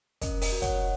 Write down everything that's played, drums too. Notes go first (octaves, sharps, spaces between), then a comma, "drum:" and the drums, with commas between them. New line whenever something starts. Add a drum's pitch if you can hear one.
C#4 A#4 D#5, drum: kick, hi-hat
A#4 D#5, drum: open hi-hat
F#4
C#5 F#5, drum: kick, hi-hat